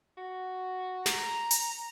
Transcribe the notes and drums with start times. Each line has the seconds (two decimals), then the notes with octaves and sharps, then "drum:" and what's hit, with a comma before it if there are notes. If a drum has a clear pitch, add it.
0.17 F#4
1.06 A#5, drum: snare
1.51 drum: hi-hat